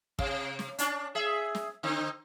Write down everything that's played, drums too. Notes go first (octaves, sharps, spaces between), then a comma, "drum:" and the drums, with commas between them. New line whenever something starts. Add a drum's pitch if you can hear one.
C3, drum: kick
drum: snare
C#4 D4, drum: hi-hat
G#4 E5
drum: snare
D3 C4 D#4